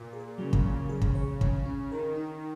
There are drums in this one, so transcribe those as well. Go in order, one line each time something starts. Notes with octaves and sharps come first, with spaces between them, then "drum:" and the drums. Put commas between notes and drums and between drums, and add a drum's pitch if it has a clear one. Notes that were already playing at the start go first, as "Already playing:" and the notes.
Already playing: A#2
G#4
C#3 F#3
drum: kick
F#3
G#4
drum: kick
C#5
C#3 C#4, drum: kick
C#4
D#3 A#4
D#4